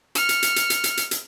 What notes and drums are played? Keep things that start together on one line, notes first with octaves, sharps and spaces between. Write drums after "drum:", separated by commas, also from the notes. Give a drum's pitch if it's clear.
F6 C#7, drum: hi-hat
drum: hi-hat
drum: hi-hat
drum: hi-hat
drum: hi-hat
drum: hi-hat
drum: hi-hat
drum: hi-hat